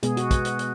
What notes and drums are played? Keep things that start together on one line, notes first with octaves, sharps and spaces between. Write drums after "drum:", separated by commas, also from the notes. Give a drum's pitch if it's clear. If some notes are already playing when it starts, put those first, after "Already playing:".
B2 G#3 B3 G#4, drum: hi-hat
F#4, drum: hi-hat
drum: kick, hi-hat
drum: hi-hat
drum: hi-hat